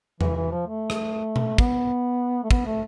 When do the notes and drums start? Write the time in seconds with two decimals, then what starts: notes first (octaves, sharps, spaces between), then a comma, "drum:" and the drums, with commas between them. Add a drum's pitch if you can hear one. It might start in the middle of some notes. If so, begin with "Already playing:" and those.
0.21 E3, drum: tom E2
0.36 E3
0.51 F3
0.67 A3
0.90 drum: rim click
1.36 drum: tom B2
1.58 B3, drum: kick
2.44 A3
2.51 B3, drum: kick
2.66 A3